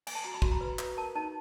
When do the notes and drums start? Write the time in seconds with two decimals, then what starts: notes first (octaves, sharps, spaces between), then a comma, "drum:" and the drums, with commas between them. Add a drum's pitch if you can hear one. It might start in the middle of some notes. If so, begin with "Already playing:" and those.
0.07 G#5, drum: cymbal
0.15 A5
0.24 F#4 A#5
0.34 B5
0.42 F#4 C6, drum: kick
0.52 A#5
0.61 B4
0.79 B4, drum: clap
0.97 A#4 A5
1.15 D#4 A5